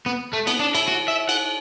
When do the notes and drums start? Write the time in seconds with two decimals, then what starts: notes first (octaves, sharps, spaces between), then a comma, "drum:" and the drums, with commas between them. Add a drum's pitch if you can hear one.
0.06 B3
0.33 A3
0.47 B3, drum: cymbal
0.60 D4
0.75 E4, drum: cymbal
0.88 F#4
1.08 E5
1.29 F#5, drum: cymbal